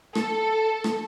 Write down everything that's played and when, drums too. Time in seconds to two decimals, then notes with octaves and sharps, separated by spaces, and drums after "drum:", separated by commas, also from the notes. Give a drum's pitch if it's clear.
0.15 A4, drum: rim click
0.84 drum: rim click